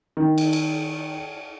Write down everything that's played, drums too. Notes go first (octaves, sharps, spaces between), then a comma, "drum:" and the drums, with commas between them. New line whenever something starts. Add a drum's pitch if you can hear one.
D#3
drum: cymbal
drum: cymbal